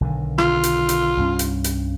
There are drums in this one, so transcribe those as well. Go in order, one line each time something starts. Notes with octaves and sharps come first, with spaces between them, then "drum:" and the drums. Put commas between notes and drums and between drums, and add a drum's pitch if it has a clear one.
B1 D3 D#3
F4, drum: rim click
drum: hi-hat
drum: hi-hat
C2 G2 C#4
drum: hi-hat
drum: hi-hat